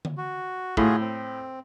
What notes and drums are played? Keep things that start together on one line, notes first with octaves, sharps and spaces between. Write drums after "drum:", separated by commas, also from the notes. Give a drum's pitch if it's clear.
drum: tom D3
F#4
A2 F4 F#4 G#4, drum: kick
C4